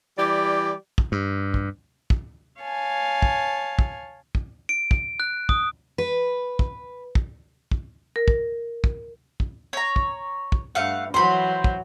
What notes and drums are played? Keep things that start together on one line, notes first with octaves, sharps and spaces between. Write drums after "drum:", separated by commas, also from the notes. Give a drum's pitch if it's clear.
E3 G3 G4 D5
drum: kick
G2
drum: kick
drum: kick
C#5 F5 G#5 A5
drum: kick
drum: kick
drum: kick
D7
drum: kick
F#6
D#6, drum: kick
B4
drum: kick
drum: kick
drum: kick
A#4
drum: kick
drum: kick
drum: kick
C#5 A#5
drum: kick
drum: kick
G2 A3 F5 F#5
E3 F#3 C5 B5 C6
drum: kick